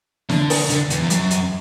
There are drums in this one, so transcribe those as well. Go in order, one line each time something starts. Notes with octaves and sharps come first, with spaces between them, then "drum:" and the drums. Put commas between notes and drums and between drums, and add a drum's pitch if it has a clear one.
D3, drum: snare
drum: open hi-hat
D3, drum: hi-hat
E2, drum: hi-hat
E2
F#2, drum: hi-hat
drum: hi-hat